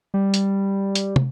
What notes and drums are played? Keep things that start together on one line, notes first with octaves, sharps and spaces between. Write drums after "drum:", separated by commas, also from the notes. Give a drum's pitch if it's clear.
G3
drum: hi-hat
drum: hi-hat
drum: tom